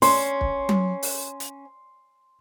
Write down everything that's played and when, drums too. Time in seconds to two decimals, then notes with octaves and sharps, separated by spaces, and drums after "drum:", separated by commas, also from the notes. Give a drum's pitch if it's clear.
0.02 C#4 C6, drum: open hi-hat
0.41 drum: kick
0.69 drum: tom F#3
1.03 drum: open hi-hat
1.40 drum: hi-hat